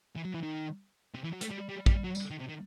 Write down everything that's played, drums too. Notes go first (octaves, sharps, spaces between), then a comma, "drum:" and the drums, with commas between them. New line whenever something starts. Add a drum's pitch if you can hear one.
E3
F#3
E3
D#3
C3
E3
F#3
A3, drum: hi-hat
G3
G3
G3, drum: kick
F#3
drum: tambourine
D#3
C3
D#3